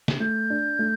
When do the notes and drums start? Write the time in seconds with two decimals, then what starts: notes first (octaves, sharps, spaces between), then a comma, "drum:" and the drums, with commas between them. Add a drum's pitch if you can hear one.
0.08 drum: snare
0.20 A3 G6
0.50 D4
0.79 A3